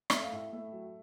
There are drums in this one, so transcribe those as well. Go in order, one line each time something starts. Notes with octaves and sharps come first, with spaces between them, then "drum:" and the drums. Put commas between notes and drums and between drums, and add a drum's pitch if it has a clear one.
A3 E5, drum: rim click
F5
A2 E5
A3
F#3